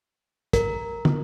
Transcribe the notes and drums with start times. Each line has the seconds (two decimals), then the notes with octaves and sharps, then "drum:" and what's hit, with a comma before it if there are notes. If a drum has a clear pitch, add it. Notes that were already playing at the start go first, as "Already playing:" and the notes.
0.53 A#4, drum: kick, hi-hat
1.05 drum: tom